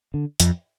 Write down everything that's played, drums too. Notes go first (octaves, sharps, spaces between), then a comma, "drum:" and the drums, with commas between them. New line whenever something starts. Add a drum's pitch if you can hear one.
D3
F2, drum: hi-hat